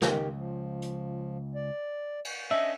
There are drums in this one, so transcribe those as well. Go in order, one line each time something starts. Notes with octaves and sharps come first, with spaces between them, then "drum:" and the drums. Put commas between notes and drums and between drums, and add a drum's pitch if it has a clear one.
C#2 D#3 G4, drum: snare
F3
drum: hi-hat
D5
drum: cymbal
C#4 D4 D#5 E5